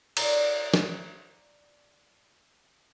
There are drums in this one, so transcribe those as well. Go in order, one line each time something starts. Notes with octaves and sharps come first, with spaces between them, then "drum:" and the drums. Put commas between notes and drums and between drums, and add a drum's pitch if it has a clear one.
D5 A#5, drum: cymbal
drum: snare